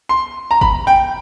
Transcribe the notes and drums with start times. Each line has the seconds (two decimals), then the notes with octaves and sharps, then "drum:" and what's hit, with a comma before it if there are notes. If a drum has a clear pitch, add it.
0.09 C6
0.51 A#5
0.61 B5, drum: kick F#1
0.87 G5